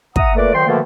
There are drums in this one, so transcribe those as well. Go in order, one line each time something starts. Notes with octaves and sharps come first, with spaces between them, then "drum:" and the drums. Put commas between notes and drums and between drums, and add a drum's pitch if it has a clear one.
E5 F#5 A#5 D#6, drum: kick
A#2 A3 A#3 A4 B4 D5
D2 D#3 F#3 G5 C6
B2 D3 D#3 F3 A3 A#3